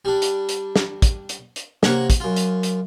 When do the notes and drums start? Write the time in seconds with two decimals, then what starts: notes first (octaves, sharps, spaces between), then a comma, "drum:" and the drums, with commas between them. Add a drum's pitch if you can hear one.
0.05 G3 D4
0.22 drum: hi-hat
0.49 drum: hi-hat
0.76 drum: snare
1.02 drum: kick, hi-hat
1.29 drum: hi-hat
1.56 drum: hi-hat
1.83 C3 A#3 C#5 F#5 A#5, drum: snare
2.10 drum: kick, hi-hat
2.20 F#2 F4
2.36 drum: hi-hat
2.63 drum: hi-hat